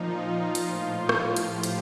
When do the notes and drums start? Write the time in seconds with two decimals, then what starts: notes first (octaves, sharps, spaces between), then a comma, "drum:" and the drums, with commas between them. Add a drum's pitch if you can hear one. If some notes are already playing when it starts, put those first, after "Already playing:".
Already playing: A#2 F3 D#4 F4
0.15 F4
0.55 A2 F3, drum: hi-hat
1.09 drum: rim click
1.36 G4, drum: hi-hat
1.63 drum: hi-hat